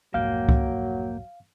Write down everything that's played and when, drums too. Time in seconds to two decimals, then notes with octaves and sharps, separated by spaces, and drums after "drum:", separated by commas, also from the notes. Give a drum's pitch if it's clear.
0.14 B1 F2 G#2 F#3 A#3 F5 G5
0.49 drum: kick C#2